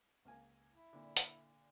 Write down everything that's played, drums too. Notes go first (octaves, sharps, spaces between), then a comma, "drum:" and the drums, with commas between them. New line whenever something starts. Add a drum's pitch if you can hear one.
C#2 A#3 G#5
E4
A#2 D3
drum: hi-hat